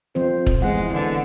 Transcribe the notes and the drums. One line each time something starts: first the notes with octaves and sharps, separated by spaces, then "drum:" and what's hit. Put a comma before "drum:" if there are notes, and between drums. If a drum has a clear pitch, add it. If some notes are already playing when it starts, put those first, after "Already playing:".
F2 F3 C4 C5
drum: kick
E3 G#3 B3 F#5
D3